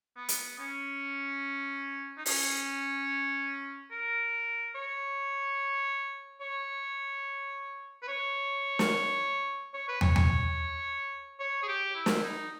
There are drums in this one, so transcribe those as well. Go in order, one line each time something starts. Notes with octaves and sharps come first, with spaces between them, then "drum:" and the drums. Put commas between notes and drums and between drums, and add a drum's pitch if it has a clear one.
B3
drum: hi-hat
C#4
D#4
C#4, drum: open hi-hat
A#4
C#5
C#5
B4
C#5
drum: snare
C#5
B4
C#5, drum: tom
drum: tom
C#5
G#4
G4
E4
drum: snare
D#4